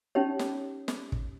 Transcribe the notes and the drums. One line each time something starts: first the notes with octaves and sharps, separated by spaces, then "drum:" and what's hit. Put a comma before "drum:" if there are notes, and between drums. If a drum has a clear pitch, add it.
C#4 D#4 G4 C#5
drum: snare
drum: snare
drum: kick